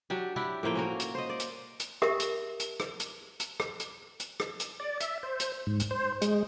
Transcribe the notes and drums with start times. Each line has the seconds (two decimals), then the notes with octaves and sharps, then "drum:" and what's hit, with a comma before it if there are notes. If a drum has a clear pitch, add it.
0.10 F#3 D4 G4
0.36 D4 E4 G4
0.63 A2 F3 A#3 G5
0.75 C#4 F#4 A#4
1.00 drum: hi-hat
1.15 C5 D#5
1.29 D5
1.40 drum: hi-hat
1.80 drum: hi-hat
2.02 G4 A#4 E5, drum: rim click
2.20 drum: hi-hat
2.60 drum: hi-hat
2.80 drum: rim click
3.00 drum: hi-hat
3.40 drum: hi-hat
3.60 drum: rim click
3.80 drum: hi-hat
4.20 drum: hi-hat
4.40 drum: rim click
4.60 drum: hi-hat
4.80 D5
5.00 E5, drum: hi-hat
5.23 C5
5.40 drum: hi-hat
5.67 G#2
5.80 drum: hi-hat
5.91 C5
6.22 G#3, drum: hi-hat